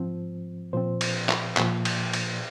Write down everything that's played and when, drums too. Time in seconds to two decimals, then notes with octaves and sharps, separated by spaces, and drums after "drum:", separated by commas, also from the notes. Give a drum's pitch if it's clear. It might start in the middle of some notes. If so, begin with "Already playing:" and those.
Already playing: G#2 F3 C4
0.73 A#2 F3 C4 C5
1.01 drum: cymbal
1.29 drum: clap
1.57 A#2 F3 A#3, drum: clap
1.85 drum: cymbal
2.13 drum: cymbal